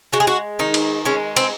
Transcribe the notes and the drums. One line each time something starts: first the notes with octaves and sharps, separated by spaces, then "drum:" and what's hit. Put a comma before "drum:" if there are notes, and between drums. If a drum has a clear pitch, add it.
G#3 F#4
G#4
F#4
D#3 D#4
drum: cymbal
G#3 C#4
C4, drum: cymbal